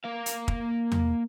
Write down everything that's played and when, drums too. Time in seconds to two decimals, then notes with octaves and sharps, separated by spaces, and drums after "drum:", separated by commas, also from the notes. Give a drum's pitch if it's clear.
0.04 A#3 F5
0.26 drum: hi-hat
0.48 drum: kick
0.92 drum: tom E2